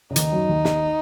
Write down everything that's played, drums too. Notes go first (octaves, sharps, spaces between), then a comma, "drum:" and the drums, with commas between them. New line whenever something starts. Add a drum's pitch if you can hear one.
C#3
D#2 D#3 D#4, drum: hi-hat
F#2 F#3
D#2 D#3
D#2 D#3, drum: snare